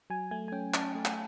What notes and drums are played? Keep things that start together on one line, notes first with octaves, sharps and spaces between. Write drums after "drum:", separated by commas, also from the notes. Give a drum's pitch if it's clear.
F#3 G#5
A3 G#5
G#5
C#4 G5
C#4 A5, drum: clap
A3
drum: clap